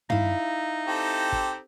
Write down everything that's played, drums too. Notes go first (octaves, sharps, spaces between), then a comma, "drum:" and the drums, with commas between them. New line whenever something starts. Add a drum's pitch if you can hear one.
D#4 E4 F5, drum: tom
C4 G4 A4
drum: kick